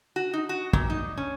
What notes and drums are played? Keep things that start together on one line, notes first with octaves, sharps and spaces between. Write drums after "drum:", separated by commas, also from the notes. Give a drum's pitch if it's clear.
F#4
D#4
F#4
A#2, drum: kick
D#4
C#4